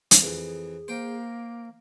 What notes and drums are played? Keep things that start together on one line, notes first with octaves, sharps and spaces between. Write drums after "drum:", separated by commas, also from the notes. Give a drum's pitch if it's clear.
drum: hi-hat
F2 E3 G#4
A#3 C5 G5